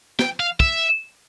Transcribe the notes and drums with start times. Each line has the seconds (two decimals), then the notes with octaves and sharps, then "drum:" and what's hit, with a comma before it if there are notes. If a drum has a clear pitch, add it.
0.19 G5, drum: snare
0.40 F5
0.60 E5, drum: kick